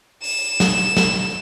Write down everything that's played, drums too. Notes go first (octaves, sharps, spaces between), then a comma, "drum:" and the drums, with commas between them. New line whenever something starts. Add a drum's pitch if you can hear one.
E7, drum: open hi-hat
drum: snare
drum: snare